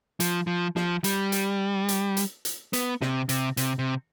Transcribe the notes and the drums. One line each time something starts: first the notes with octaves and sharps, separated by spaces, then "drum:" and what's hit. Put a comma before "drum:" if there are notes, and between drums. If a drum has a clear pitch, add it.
F3, drum: hi-hat
F3
F3, drum: snare
G3, drum: hi-hat
drum: hi-hat
drum: hi-hat
drum: hi-hat
drum: hi-hat
B3, drum: hi-hat
C3, drum: snare
C3, drum: hi-hat
C3, drum: hi-hat
C3